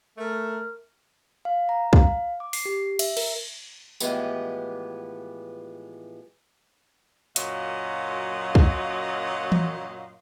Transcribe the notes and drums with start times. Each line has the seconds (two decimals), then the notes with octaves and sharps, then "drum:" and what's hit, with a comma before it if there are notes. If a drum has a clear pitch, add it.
0.17 A3 A#4
1.45 F5
1.69 A#5
1.93 F5, drum: kick
2.40 D6
2.53 C7, drum: open hi-hat
2.65 G4
2.99 E5, drum: cymbal
3.17 A#4, drum: cymbal
4.00 A2 E3 F3 G#3 B3 G4, drum: tambourine
7.36 F#2 A#2 F#3 D#5 F5, drum: hi-hat
8.55 drum: kick
9.52 drum: tom E3